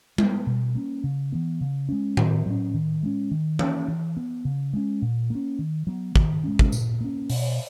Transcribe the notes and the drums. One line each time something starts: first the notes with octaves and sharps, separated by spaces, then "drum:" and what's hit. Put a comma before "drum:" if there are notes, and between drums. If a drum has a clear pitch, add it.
G#3 B3, drum: tom G3
B2
A#3 C#4
C#3
E3 B3
C#3
G#3 C#4
D#3, drum: tom A2
F#3 C#4
D#3
G#3 C#4
D#3
A#3 C#4, drum: tom E3
E3
B3
C#3
G#3 C#4
A#2
A#3 C#4
D#3
F#3 B3
D#3, drum: kick
G#3 C#4
drum: kick
A#2, drum: tambourine
A#3 C#4
B2, drum: open hi-hat